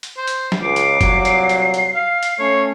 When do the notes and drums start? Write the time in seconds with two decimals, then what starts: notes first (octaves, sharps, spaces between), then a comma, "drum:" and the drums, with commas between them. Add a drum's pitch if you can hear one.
0.03 drum: hi-hat
0.17 C5
0.27 drum: hi-hat
0.52 drum: snare
0.62 C#2 D6 C7
0.76 drum: hi-hat
1.01 C2 A#2 F#3, drum: kick F1, hi-hat
1.25 drum: hi-hat
1.49 drum: hi-hat
1.74 drum: hi-hat
1.94 F5
2.23 drum: hi-hat
2.39 A3 C#4 C#5